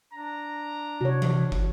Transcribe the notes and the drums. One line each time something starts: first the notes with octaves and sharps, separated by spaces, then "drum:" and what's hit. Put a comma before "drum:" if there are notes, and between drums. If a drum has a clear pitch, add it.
D4 A#5
C3 F#4 C#5
drum: tom E3
drum: kick